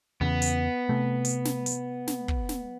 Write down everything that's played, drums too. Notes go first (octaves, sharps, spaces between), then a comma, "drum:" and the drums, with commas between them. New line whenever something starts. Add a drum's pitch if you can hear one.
E2 C#3 B3
drum: hi-hat
C3 A3
drum: hi-hat
drum: snare
drum: hi-hat
drum: snare
drum: kick
drum: snare